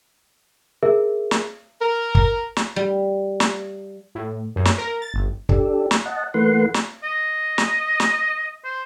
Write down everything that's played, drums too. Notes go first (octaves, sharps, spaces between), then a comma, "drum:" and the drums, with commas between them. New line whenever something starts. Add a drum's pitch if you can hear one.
G#4 A#4 E5
drum: snare
A#4
drum: kick
drum: snare
G3
drum: snare
A2
F#2
drum: snare
A#4
A6
G1
D4 G4 A4, drum: kick
drum: snare
D#5 F#5 A5
E3 A3 A#3 B4 F#5 C6
drum: snare
D#5
drum: snare
drum: snare
C5